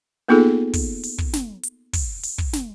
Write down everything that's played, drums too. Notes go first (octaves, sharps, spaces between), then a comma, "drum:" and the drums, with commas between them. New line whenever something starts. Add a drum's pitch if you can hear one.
A#3 B3 D#4 F4 G#4 A4
drum: kick, open hi-hat
drum: open hi-hat
drum: kick
drum: snare
drum: hi-hat
drum: kick, open hi-hat
drum: open hi-hat
drum: kick
drum: snare